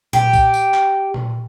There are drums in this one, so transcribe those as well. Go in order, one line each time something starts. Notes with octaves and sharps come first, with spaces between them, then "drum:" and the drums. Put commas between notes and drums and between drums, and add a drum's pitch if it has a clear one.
G4, drum: tom A#2
drum: kick B1, tambourine
drum: tambourine
drum: clap
drum: tom A#2